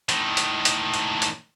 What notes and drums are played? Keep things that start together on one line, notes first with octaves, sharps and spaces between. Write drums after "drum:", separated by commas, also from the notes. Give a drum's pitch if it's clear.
A2 D#3, drum: hi-hat
drum: hi-hat
drum: hi-hat
drum: hi-hat
drum: hi-hat